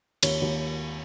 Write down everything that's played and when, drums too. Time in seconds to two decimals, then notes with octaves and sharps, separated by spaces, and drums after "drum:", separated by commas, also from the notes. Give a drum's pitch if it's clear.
0.23 D#2 C#5, drum: cymbal
0.42 D#2